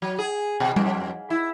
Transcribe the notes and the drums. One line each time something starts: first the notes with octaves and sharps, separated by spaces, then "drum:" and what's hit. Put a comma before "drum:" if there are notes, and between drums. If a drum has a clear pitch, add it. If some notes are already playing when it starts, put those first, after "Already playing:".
F#3
G#4
B2
F2, drum: tom G3
E4